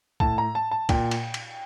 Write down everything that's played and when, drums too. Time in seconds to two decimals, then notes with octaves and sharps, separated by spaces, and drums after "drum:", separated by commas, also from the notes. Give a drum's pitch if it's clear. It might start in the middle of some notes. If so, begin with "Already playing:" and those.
0.20 A2 A5, drum: kick
0.38 A#5
0.55 A5
0.71 A5
0.89 A#2 G5, drum: kick, cymbal
1.11 drum: cymbal
1.34 drum: cymbal